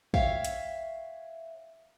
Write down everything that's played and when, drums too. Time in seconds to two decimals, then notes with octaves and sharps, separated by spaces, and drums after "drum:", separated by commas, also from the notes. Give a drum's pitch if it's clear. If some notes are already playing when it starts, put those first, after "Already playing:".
0.14 C#5 E5 F5 G5, drum: kick
0.45 drum: hi-hat